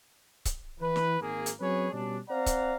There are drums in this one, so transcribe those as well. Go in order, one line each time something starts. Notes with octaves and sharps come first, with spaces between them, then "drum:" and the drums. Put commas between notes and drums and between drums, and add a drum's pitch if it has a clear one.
drum: kick C#1, hi-hat
E3 B4
drum: snare
G#1 A#3 G#4
drum: hi-hat
F#3 C4 C#4 G#4 B4 C#5
B2 G3 C#4 D4
C4 C5 D5 F5 F#5 A#5
drum: kick C#1, hi-hat